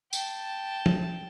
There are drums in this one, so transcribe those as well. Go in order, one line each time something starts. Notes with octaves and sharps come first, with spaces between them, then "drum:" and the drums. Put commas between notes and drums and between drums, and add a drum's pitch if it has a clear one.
G5 A5, drum: tambourine
drum: tom F3